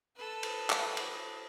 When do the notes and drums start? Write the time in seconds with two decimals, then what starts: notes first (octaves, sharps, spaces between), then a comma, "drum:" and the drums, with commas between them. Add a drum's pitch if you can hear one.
0.16 A4 B4
0.43 drum: cymbal
0.70 drum: clap
0.97 drum: cymbal